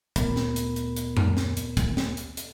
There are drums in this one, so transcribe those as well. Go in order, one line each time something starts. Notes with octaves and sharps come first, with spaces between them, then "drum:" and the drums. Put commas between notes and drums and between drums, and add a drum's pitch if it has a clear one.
D2 A#2 B3 A#4 B5, drum: kick, hi-hat
drum: snare
drum: hi-hat
drum: hi-hat
drum: hi-hat
drum: tom F2
drum: snare
drum: hi-hat
drum: kick, hi-hat
drum: snare
drum: hi-hat
drum: hi-hat